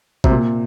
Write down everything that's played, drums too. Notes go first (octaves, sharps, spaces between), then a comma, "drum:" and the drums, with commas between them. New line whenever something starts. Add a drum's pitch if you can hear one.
C3, drum: kick A1
A#2